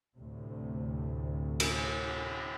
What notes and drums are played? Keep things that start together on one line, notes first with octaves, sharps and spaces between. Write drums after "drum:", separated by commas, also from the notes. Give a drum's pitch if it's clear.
D2 A2 C3
drum: cymbal